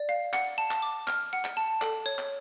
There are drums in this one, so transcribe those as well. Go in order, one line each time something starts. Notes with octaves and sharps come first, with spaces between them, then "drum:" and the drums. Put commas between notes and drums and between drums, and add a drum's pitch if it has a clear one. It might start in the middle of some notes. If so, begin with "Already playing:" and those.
Already playing: D5
F5
F#5, drum: clap
A5
drum: clap
D6
F6, drum: clap
F#5
drum: clap
A5
A4, drum: clap
C#5
drum: clap